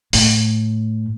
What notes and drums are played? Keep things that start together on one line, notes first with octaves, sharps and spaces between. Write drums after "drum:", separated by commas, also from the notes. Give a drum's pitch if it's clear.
A2, drum: open hi-hat